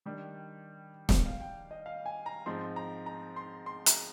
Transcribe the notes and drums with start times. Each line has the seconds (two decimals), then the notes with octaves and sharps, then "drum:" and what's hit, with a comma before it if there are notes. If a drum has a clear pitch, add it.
0.06 D#3 G3 D4
1.09 drum: snare
1.26 F5
1.41 G5
1.71 D#5
1.86 F5
2.06 G#5
2.26 A#5
2.46 G#2 F3 C4 D#4 C6
2.76 A#5
3.06 A#5
3.36 C6
3.66 C6
3.86 A#5, drum: hi-hat